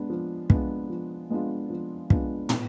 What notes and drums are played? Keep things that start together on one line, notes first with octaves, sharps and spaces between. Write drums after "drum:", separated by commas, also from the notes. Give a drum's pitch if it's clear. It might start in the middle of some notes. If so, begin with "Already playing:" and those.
Already playing: G#3 B3 D4
F3
G#3 B3 D4 F4, drum: kick
F3
G#3 B3 D4 F4
F3
G#3 B3 D4 F4, drum: kick
B3, drum: tom